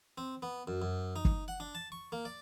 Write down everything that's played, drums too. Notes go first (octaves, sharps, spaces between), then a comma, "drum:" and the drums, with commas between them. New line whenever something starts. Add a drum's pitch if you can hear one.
C4
B3
F#2
F#2
D#4
drum: kick
F#5
D4
A5
C#6
A#3
D5